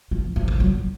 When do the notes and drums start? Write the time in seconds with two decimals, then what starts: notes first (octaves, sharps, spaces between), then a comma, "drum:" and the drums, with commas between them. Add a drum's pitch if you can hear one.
0.11 F3
0.36 F3
0.48 drum: kick
0.60 F#3